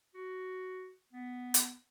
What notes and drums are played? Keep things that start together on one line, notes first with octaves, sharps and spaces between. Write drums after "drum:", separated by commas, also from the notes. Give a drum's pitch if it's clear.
F#4
B3
drum: hi-hat